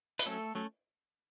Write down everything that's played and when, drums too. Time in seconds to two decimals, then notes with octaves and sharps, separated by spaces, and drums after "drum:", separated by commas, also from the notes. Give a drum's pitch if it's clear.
0.19 B4, drum: hi-hat
0.26 F#3 A3 C#4 A4
0.55 F#3 A3 C#4